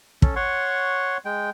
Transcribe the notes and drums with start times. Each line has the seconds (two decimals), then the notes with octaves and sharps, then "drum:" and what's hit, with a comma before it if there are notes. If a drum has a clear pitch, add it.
0.22 C#4 A4, drum: kick
0.36 C#5 F#5 C6 C#6
1.25 G#3 G5